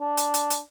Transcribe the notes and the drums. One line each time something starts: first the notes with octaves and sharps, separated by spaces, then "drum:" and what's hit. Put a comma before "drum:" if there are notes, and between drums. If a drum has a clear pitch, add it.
D4
drum: hi-hat
drum: hi-hat
drum: hi-hat